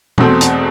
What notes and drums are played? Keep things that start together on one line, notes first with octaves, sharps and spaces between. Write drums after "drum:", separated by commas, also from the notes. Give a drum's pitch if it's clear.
E2 B2 A3 C4, drum: tom
drum: hi-hat